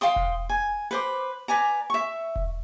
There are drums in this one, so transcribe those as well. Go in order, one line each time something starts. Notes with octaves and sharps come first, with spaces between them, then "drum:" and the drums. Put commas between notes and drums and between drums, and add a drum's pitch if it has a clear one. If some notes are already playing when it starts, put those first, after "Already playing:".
F5 G5 C6 D#6
drum: kick E1
G#5
B4 C5 D6
B4 D5 G#5 A#5
E5 C#6
drum: kick E1